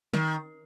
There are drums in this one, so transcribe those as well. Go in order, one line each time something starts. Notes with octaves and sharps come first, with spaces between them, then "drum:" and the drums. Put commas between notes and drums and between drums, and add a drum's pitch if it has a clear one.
D#3, drum: snare